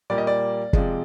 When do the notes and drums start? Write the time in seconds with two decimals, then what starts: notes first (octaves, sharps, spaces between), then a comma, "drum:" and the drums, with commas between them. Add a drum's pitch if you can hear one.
0.10 A#2 G3 A#3 D5
0.18 D#5
0.27 D5
0.73 C3 F3 G#3, drum: kick